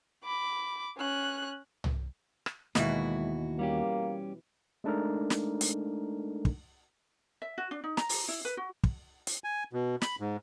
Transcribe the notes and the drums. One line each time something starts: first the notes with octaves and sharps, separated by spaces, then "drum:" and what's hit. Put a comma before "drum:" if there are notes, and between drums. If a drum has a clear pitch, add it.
B5 D6
C#4 F#6
drum: tom C2
drum: rim click
D#2 B2 E3 G#3 E4 F#4, drum: snare
G3 A#3 C#4 G4
G#3 A3 D4 D#4 A4 A#4
drum: snare
drum: hi-hat
drum: kick
E5
F#4
D4
D#4
A#5, drum: snare
drum: open hi-hat
E4
B4
F#4
drum: kick
drum: hi-hat
G#5
B2
B5, drum: snare
G#2